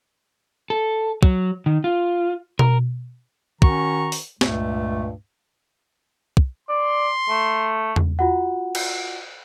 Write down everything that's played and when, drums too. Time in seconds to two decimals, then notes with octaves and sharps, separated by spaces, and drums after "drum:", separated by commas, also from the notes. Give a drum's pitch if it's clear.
0.70 A4
1.23 F#3, drum: kick
1.66 D#3
1.84 F4
2.59 A#4, drum: tom B2
3.62 D#3 C#4 F#4 A#5 C#6, drum: kick
4.12 drum: open hi-hat
4.41 C#2 G2 A#2 A3, drum: snare
6.37 drum: kick
6.69 D5 C6
7.29 A3
7.96 drum: tom E2
8.19 F4 F#4 F#5
8.75 drum: cymbal